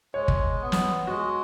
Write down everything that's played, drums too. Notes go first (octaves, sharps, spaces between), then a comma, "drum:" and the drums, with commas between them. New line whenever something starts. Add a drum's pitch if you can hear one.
G#3 C#5
drum: kick
B3
drum: snare
G#3 F#4